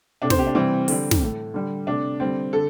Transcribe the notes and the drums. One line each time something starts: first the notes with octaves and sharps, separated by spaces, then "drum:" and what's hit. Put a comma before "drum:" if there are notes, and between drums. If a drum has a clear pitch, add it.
C3 A3 D4
C5, drum: snare
G4
D4
C3 E3 G3 C4
D3 G3, drum: open hi-hat
drum: snare
A2 A3
D3 G3
C3 A3 D4
D3 G3 C4
D3 A4